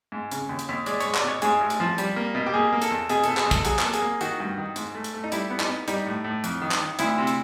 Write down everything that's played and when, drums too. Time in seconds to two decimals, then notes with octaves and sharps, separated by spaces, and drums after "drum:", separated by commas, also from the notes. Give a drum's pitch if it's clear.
0.12 G#2
0.31 C#3, drum: hi-hat
0.49 D#2
0.59 drum: hi-hat
0.69 D#2
0.86 G#3 D5, drum: hi-hat
1.00 G#3 C#5, drum: hi-hat
1.15 D5, drum: clap
1.24 B2 C#5
1.42 G#2 G#4, drum: hi-hat
1.61 A1
1.70 drum: hi-hat
1.80 F3
1.98 G3, drum: hi-hat
2.16 A#3
2.35 B2
2.46 G4
2.54 A#3 G#4
2.73 A#3
2.82 A4, drum: hi-hat
2.91 E2
3.09 B2 G#4, drum: hi-hat
3.24 B2 A4, drum: hi-hat
3.37 G#4, drum: clap
3.46 E2
3.51 A4, drum: kick, hi-hat
3.65 F#3 G#4, drum: hi-hat
3.79 A4, drum: clap
3.84 A#3
3.93 G#4, drum: hi-hat
4.02 A#3
4.21 D#3 F#4, drum: hi-hat
4.40 G2
4.58 D#3
4.76 G#2, drum: hi-hat
4.95 A3
5.04 drum: hi-hat
5.14 A3
5.24 D#4
5.32 G3 E4, drum: hi-hat
5.50 B3
5.60 D#4, drum: clap
5.69 B3
5.88 G3 D#4, drum: hi-hat
6.06 A2
6.24 A2
6.44 F2, drum: hi-hat
6.62 D#3
6.71 drum: clap
6.81 D#3
6.99 D2 E4, drum: hi-hat
7.18 C3
7.27 drum: hi-hat